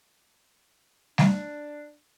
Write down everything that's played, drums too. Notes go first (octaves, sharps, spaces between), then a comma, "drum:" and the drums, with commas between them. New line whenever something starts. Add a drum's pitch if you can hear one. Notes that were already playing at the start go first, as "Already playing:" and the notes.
D4, drum: snare